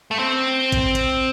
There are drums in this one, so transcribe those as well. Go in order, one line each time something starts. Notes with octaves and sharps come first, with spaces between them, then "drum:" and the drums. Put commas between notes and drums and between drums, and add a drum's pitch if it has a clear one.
A3
C4
drum: kick A1, hi-hat
drum: hi-hat